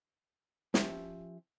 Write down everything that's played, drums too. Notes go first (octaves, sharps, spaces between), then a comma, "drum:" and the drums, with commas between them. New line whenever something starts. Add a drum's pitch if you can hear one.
F3 C#4 G4 E5, drum: snare